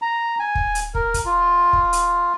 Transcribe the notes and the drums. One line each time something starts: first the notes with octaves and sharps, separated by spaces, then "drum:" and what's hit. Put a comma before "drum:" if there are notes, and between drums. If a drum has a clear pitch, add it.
A#5
G#5
drum: kick
drum: hi-hat
A#4, drum: kick
drum: kick, hi-hat
F4
drum: kick
drum: hi-hat